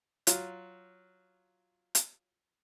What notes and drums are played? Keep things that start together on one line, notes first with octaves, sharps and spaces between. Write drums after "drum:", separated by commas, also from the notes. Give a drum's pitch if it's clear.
F#3 F4, drum: hi-hat
drum: hi-hat